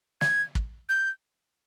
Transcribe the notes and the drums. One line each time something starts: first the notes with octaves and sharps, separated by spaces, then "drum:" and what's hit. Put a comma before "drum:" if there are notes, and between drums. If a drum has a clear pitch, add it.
G#6, drum: snare
drum: kick
G6